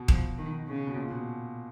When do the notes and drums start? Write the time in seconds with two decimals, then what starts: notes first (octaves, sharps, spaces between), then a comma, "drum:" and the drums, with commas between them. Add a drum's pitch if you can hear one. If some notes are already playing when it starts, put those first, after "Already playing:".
Already playing: B2
0.08 F3, drum: kick D#1
0.38 D#3
0.67 C#3
0.87 B2
0.96 A#2
1.10 B2